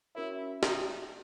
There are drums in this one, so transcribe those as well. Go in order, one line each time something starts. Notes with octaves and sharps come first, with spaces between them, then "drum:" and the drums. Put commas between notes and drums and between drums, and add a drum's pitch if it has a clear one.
C#4 E4 F#4 A#4 C#5 E5
D#4, drum: snare